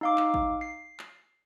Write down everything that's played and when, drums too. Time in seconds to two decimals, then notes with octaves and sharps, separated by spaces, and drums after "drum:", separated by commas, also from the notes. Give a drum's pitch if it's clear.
0.01 D#4 F5 D6
0.18 drum: clap
0.34 drum: kick A1
0.61 C7
0.99 drum: clap